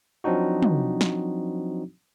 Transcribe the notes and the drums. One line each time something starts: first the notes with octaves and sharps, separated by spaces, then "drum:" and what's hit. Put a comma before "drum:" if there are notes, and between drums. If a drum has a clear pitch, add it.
F3 F#3 C4 D4 D#4 F#4
drum: tom
drum: snare